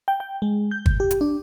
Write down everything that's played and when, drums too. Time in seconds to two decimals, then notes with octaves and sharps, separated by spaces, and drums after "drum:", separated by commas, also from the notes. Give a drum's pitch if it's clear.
0.08 G5
0.20 G5
0.42 G#3
0.71 G6
0.86 drum: kick
1.00 G4
1.11 drum: hi-hat
1.21 D4